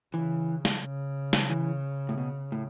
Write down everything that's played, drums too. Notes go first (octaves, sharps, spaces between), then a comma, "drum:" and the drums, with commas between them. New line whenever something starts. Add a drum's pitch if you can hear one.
C#3 E3
drum: snare
C#3
drum: snare
E3
A2
B2
A2